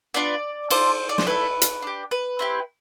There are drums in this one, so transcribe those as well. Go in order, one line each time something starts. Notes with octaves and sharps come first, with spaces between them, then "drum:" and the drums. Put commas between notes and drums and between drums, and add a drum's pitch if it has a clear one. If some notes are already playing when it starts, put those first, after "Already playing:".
B3 D4 F4 D5
D4 F4 A4 C5, drum: cymbal
D5
C5, drum: snare
A3 E4 A4 B4
drum: hi-hat
D4 G4
B4
C4 E4 G4